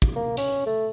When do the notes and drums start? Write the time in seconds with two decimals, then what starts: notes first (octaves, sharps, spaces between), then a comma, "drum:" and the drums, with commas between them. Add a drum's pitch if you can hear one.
0.02 drum: kick
0.16 A#3
0.37 C#4, drum: hi-hat
0.66 A3